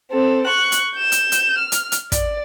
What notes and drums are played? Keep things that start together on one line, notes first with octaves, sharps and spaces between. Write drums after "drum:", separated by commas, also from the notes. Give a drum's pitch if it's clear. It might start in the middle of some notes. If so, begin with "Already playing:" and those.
C4 A4
C#6 F#6
drum: hi-hat
G6 E7
drum: hi-hat
drum: hi-hat
F6
drum: hi-hat
drum: hi-hat
D5, drum: kick, hi-hat